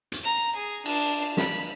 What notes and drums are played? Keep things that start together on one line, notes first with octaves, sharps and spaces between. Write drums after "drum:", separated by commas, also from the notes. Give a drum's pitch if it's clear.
drum: hi-hat
A#5
G#4
D4, drum: cymbal
B5, drum: snare